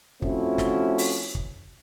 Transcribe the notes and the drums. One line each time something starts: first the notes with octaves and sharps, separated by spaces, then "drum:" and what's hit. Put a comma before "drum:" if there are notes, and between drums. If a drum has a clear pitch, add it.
F3 A3 C4 C#4 E4 F#4, drum: kick
drum: snare
drum: open hi-hat
drum: kick